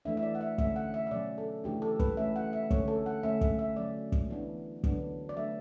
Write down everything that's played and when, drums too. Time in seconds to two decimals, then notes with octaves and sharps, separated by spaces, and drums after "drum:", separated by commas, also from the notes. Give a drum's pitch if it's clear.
0.05 E3 A3 D4 E5
0.17 E5
0.23 D5
0.35 F#5
0.41 E5
0.58 D3 A3 C#4 E5, drum: kick
0.76 F#5
0.94 E5
1.07 E5
1.11 B2 F#3 C#4 D5
1.38 A4
1.64 C#3 E3 A3 D4 G4
1.82 A4
1.99 B4, drum: kick
2.17 E3 A3 C#4 E5
2.36 F#5
2.53 E5
2.70 D3 A3 C#4 C#5, drum: kick
2.88 A4
3.06 F#5
3.23 D3 A3 C#4 E5
3.41 E5, drum: kick
3.59 E5
3.76 D3 F#3 C#4 D5
4.12 drum: kick
4.30 E3 B3 D4
4.84 D3 F#3 B3 D4, drum: kick
5.29 D5
5.36 F#3 A3 D4 E5